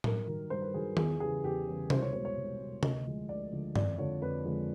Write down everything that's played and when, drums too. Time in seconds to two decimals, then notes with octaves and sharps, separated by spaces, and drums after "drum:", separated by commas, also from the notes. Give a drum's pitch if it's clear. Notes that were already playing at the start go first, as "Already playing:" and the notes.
0.04 G2 A#4, drum: tom A2
0.27 D#3 F#3
0.50 G2 C5
0.62 B4
0.74 D#3 F#3 G#4
0.97 E2 G#4, drum: tom D#3
1.20 C#3 E3 G3 G#4
1.43 E2 G4
1.67 C#3 E3 G3
1.90 C2 C5, drum: tom C3
2.02 C#5
2.13 B2 G#3 C5
2.25 C#5
2.37 C2
2.60 B2 G#3
2.83 D2 D#5, drum: tom C3
3.06 D3 F3 G#3
3.29 D2 D5
3.52 D3 F3 G#3
3.76 F2 D5, drum: tom G2
3.98 D3 F3 G#3 C#5
4.22 F2 B4
4.45 D3 F3 G#3